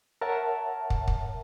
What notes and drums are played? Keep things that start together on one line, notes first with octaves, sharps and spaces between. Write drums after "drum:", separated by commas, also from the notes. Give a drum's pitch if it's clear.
A#4 C#5 E5 F#5 A5
drum: kick
drum: kick